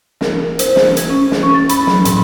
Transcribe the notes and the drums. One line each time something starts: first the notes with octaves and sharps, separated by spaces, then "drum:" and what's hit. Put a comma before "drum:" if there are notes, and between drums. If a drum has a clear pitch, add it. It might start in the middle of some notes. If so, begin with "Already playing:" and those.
A#4, drum: snare
C5, drum: hi-hat
drum: snare
G#6, drum: hi-hat
C#4
drum: snare
C#6
A6
B5, drum: hi-hat
F#3, drum: snare
A2, drum: hi-hat